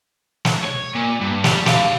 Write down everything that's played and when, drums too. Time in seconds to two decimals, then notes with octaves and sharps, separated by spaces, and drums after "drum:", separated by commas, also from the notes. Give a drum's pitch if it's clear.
0.45 drum: snare
0.64 C#5
0.95 A#2
1.21 G2
1.44 G3, drum: snare
1.66 G4 F5, drum: snare